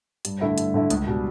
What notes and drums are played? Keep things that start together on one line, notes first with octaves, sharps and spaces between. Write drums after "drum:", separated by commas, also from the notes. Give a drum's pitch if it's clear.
G2, drum: hi-hat
D3 A3 E4
G2, drum: hi-hat
D3 A3 E4
C#2, drum: hi-hat
B2 G3